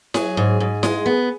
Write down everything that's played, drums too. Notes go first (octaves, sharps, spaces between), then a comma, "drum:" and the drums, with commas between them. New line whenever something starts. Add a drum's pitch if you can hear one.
F#3 G#4, drum: snare E4
G#2
G#2
G#3, drum: snare E4
B3